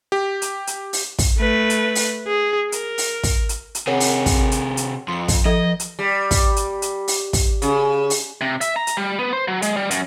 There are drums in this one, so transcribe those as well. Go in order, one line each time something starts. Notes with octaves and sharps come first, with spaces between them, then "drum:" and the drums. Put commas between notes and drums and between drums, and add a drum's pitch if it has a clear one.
G4
drum: hi-hat
drum: hi-hat
drum: open hi-hat
drum: kick, open hi-hat
A3 B4
drum: hi-hat
drum: open hi-hat
G#4
A#4, drum: hi-hat
drum: open hi-hat
drum: kick, open hi-hat
drum: hi-hat
drum: hi-hat
C3 G#4 A#4 C#5 F#5
drum: open hi-hat
drum: kick, open hi-hat
drum: hi-hat
drum: hi-hat
F2 C6 C#7
drum: kick, open hi-hat
F3 A4 D#5
drum: hi-hat
G3
drum: kick, open hi-hat
drum: hi-hat
drum: hi-hat
drum: open hi-hat
drum: kick, open hi-hat
C#3, drum: hi-hat
drum: open hi-hat
C3
E5, drum: hi-hat
A#5
drum: hi-hat
G3
B3
C5
F#3
G#3, drum: hi-hat
G3
F#2, drum: hi-hat